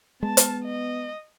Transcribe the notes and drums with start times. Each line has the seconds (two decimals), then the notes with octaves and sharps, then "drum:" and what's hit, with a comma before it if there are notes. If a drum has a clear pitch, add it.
0.23 G#3 B3 A5
0.37 drum: hi-hat
0.65 D#5